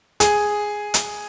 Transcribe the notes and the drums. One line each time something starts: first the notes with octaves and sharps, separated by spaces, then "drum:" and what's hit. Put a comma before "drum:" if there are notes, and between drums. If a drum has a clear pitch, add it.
G#4, drum: hi-hat
drum: hi-hat